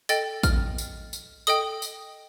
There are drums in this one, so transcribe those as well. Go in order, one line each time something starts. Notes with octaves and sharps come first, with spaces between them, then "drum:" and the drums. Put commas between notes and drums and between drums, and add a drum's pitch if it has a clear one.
A4 D#5 G5 A6, drum: tambourine
F6, drum: kick A1, tambourine
drum: tambourine
drum: tambourine
A4 D#5 G5 D#6, drum: tambourine
drum: tambourine